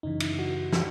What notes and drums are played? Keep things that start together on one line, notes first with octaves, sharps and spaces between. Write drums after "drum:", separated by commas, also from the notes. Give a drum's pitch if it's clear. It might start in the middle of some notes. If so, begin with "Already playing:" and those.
F#2 C#3 E3 D#4
E4, drum: cymbal
F#4
E3, drum: snare